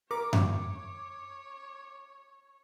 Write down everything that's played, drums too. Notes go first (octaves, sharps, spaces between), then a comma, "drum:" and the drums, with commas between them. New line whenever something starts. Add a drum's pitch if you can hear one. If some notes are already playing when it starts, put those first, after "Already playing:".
A#4 C#5 D6
drum: tom F#2